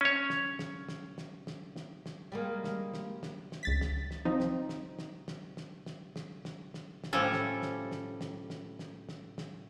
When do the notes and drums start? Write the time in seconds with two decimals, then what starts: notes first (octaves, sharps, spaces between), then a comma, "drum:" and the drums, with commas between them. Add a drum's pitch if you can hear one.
0.01 C#4 C#5
0.30 drum: snare
0.59 drum: snare
0.89 drum: snare
1.18 drum: snare
1.47 drum: snare
1.76 drum: snare
2.06 drum: snare
2.32 G3 G#3 A#3
2.64 drum: snare
2.94 drum: snare
3.23 drum: snare
3.52 drum: snare
3.63 C#2 A6 B6
3.81 drum: snare
4.11 drum: snare
4.25 F3 C4 D#4
4.40 drum: snare
4.69 drum: snare
4.99 drum: snare
5.28 drum: snare
5.57 drum: snare
5.86 drum: snare
6.16 drum: snare
6.45 drum: snare
6.74 drum: snare
7.04 drum: snare
7.13 A2 F3 G3 C#4 A4
7.33 drum: snare
7.62 drum: snare
7.91 drum: snare
8.21 drum: snare
8.50 drum: snare
8.79 drum: snare
9.09 drum: snare
9.38 drum: snare